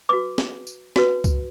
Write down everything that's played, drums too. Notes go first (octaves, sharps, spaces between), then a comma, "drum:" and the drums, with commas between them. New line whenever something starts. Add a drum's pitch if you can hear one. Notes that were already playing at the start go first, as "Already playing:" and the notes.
F#4 B4 D6
drum: snare
drum: tambourine
F#4 B4, drum: snare
drum: kick C#2, tambourine